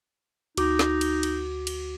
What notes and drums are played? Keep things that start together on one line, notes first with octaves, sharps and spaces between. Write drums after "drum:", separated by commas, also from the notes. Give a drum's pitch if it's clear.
D2 D#4 F#4 D6, drum: cymbal
drum: snare
drum: cymbal
drum: cymbal
drum: cymbal